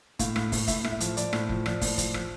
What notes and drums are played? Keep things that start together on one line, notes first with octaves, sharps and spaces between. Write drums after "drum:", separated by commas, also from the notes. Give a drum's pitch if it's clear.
A2 F5, drum: kick, hi-hat
A2, drum: rim click
A2, drum: kick, open hi-hat
A2 E5, drum: kick, hi-hat
A2, drum: rim click
E5
F3, drum: hi-hat
F3 D5, drum: hi-hat
A2, drum: rim click
F3, drum: kick
F3 D5, drum: rim click
A2, drum: kick, open hi-hat
F3, drum: kick, hi-hat
F3, drum: rim click